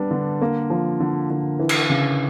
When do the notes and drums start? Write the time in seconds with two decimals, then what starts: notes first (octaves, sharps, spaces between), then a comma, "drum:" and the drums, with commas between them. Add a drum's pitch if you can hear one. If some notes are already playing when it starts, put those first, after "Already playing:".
Already playing: G3 B3 D4
0.11 D3
0.41 A#3
0.70 F3
1.00 D3
1.30 D3
1.59 E3
1.69 drum: cymbal
1.90 C#3